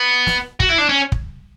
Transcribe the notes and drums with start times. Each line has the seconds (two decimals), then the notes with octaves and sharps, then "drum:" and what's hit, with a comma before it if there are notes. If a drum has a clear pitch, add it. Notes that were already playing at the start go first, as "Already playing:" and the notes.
Already playing: B3
0.27 drum: snare
0.60 F#4, drum: kick
0.69 E4
0.78 D4
0.89 C#4
1.12 drum: kick